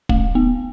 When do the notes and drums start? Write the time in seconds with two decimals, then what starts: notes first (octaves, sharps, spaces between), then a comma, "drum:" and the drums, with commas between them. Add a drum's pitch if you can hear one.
0.09 A3, drum: kick
0.35 B3